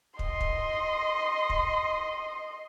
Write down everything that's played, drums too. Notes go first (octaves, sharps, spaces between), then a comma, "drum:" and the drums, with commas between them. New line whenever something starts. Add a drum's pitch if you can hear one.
D#5 C6, drum: kick
drum: kick
drum: kick